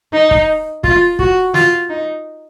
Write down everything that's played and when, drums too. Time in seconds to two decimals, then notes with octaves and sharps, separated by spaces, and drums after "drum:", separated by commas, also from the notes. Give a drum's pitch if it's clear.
0.13 D#4
0.31 drum: kick
0.84 F4, drum: kick
1.19 F#4, drum: kick
1.54 F4, drum: snare
1.89 D#4